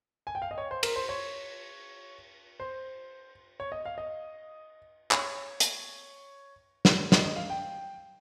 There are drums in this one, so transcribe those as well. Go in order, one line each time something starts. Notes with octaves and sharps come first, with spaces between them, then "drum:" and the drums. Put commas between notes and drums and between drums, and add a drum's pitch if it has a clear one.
G#5
G5
F5
D#5
C#5
C5
A#4, drum: cymbal
C5
C#5
C5
C#5
D#5
F5
D#5
C#5, drum: clap
drum: hi-hat
drum: snare
D#5, drum: snare
D#5
F5
G5